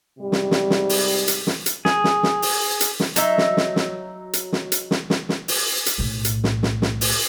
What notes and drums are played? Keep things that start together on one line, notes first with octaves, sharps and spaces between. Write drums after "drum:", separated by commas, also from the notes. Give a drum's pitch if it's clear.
G#2 C3 G3
drum: snare
drum: snare
drum: snare
drum: open hi-hat
drum: hi-hat
drum: snare
drum: hi-hat
G#4, drum: snare
drum: snare
drum: snare
drum: open hi-hat
drum: hi-hat
drum: snare
F#3 D#4 E5, drum: hi-hat
drum: snare
drum: snare
drum: snare
drum: hi-hat
drum: snare
drum: hi-hat
drum: snare
drum: snare
drum: snare
drum: open hi-hat
drum: hi-hat
B1 A2
drum: hi-hat
drum: snare
drum: snare
drum: snare
drum: open hi-hat